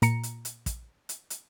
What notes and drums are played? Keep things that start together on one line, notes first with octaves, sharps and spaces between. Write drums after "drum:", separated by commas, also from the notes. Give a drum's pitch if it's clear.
A#2 A#5 C#7, drum: hi-hat
drum: hi-hat
drum: hi-hat
drum: kick, hi-hat
drum: hi-hat
drum: hi-hat